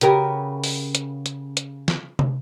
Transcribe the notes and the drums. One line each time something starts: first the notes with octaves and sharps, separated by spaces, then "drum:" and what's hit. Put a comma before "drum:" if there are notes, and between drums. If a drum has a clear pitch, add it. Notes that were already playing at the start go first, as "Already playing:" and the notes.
C#3 C#4 F#4 G4 A#4 B4, drum: hi-hat
drum: open hi-hat
drum: hi-hat
drum: hi-hat
drum: hi-hat
drum: snare
drum: tom